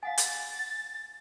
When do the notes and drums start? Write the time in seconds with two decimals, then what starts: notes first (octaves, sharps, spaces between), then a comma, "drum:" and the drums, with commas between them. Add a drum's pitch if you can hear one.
0.03 F5 F#5 G#5 A6
0.18 drum: hi-hat